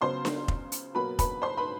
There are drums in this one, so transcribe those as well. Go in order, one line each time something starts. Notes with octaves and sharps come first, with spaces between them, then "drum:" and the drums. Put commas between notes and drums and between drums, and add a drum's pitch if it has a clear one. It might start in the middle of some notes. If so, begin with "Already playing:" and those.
C#2 C#3 F#3 B3 C5 C6
drum: snare D4
drum: kick F1
drum: hi-hat
B2 F#3 A#3 B4 B5
B4 B5, drum: kick F1, hi-hat
C5 C6
B4 B5